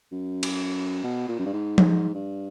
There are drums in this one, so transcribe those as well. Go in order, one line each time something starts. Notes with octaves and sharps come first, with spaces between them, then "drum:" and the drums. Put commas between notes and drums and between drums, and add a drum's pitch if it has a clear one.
F#2
drum: cymbal
B2
A#2
F#2
G2
G#2
G#2, drum: tom F3
G2